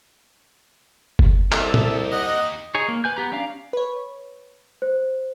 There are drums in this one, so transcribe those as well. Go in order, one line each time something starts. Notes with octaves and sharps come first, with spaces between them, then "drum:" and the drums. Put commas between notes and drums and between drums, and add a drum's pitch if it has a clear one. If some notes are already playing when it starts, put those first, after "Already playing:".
drum: kick F#1
C2 D#4 G4 A4 E5, drum: clap
drum: tom
D#5 F#5
D#4 G#4 C#5
A#3
B4 G#5 G6
B3 G4 A#5
C#4 D4 F5 A#5
B4 C#5
C5